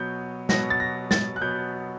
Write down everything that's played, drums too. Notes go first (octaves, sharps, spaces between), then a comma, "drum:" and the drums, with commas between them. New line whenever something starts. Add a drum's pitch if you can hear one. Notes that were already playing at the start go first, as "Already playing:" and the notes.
Already playing: B2 F#3 B3 G6
B2 F#3 B3 A#6, drum: snare
A6
A#6
A6, drum: snare
F#6
B2 F#3 B3 G6